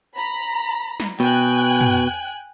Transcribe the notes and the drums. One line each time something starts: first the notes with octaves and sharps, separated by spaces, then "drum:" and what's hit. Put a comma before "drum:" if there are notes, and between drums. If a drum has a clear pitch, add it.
A#5 B5
drum: snare
B2 G5 G#5 F#6
drum: tom